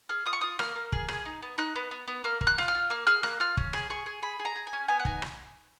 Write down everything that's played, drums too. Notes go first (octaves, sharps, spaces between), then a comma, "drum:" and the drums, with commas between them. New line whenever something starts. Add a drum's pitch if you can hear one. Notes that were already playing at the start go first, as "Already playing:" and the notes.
G#4 F6
F4 D#6
C#6
F4 D#6
A#3 F6, drum: rim click
A#3
G#4, drum: kick
G#4, drum: rim click
D#4
B3
D#4 F#6
B3
B3
B3
A#3 F6
A#3, drum: kick
F#6
F4, drum: rim click
F6
F4
A#3 F6
G#4 F6
A#3 F#6, drum: rim click
F4 F6
C#4, drum: kick
G#4, drum: rim click
G#4 C#6
G#4
G#4 B5
G#4
A#5
G#4
G#5
C#4
B3 G#5
F#5
D#4 G#5, drum: kick
drum: rim click